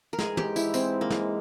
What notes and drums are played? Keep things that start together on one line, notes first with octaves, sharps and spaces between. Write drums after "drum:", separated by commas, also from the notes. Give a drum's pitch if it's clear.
A#4
G#2 E3 G#3 G#4, drum: snare
G4, drum: tom
E4, drum: tambourine
C4, drum: tambourine
A#3
drum: snare